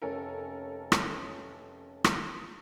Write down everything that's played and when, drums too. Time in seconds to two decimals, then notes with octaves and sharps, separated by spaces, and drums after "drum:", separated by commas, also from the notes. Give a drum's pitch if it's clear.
0.02 F1 C#4 A4 A#4
0.92 drum: rim click
2.04 drum: rim click